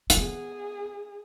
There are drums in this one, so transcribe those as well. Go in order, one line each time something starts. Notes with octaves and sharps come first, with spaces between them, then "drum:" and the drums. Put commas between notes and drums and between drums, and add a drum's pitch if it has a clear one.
C4, drum: hi-hat
B3 G#4